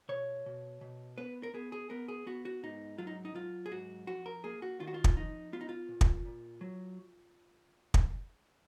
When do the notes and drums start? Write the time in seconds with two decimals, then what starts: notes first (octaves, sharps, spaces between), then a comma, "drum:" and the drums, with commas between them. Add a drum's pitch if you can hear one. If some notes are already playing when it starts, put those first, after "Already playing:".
0.09 B2 C#5
0.46 B2
0.81 B2
1.18 B3 B4
1.43 A#4
1.54 B3 G#4
1.72 G#4
1.90 B3 A#4
2.08 G#4
2.26 B3 F#4
2.45 F#4
2.63 G#2 D#4
2.98 F#3 F4
3.07 D#4
3.25 D#4
3.35 F#3 F4
3.66 G#4
3.71 G#2 F#4
4.07 F2 F#4
4.26 A#4
4.44 A#3 G#4
4.62 F#4
4.80 D#3 F4
4.87 F#4
4.94 F4
5.04 drum: kick
5.16 F2 D#4
5.53 B3 F4
5.61 D#4
5.69 F4
5.89 A#2
6.01 drum: kick
6.25 A#2
6.61 F#3
7.94 drum: kick